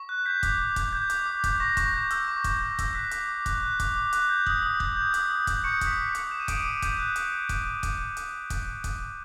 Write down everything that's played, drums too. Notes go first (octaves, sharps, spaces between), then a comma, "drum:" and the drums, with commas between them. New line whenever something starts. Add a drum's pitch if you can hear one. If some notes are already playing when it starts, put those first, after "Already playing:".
Already playing: C#6
F#6
G6 B6
D6, drum: kick, hi-hat
D6
G6, drum: kick, hi-hat
G6
D6, drum: hi-hat
D6
G6, drum: kick, hi-hat
C#6 A#6
C#6, drum: kick, hi-hat
G6
E6, drum: hi-hat
C#6
C#6, drum: kick, hi-hat
G6
E6, drum: kick, hi-hat
F#6 B6
D6, drum: hi-hat
D6
F#6, drum: kick, hi-hat
F#6
D6, drum: kick, hi-hat
D6
F#6, drum: hi-hat
G6
D#6, drum: kick
D#6
G6, drum: kick
G6
D#6, drum: hi-hat
D#6
G6, drum: kick, hi-hat
C#6 G6 C#7
D6, drum: kick, hi-hat
B6
D6
C#6 C#7
G6, drum: hi-hat
G6 E7
D#7
D6 D7, drum: kick, hi-hat
D#6 D#7
D6
G6, drum: kick, hi-hat
F#6
drum: hi-hat
drum: kick, hi-hat
drum: kick, hi-hat
drum: hi-hat
drum: kick, hi-hat
drum: kick, hi-hat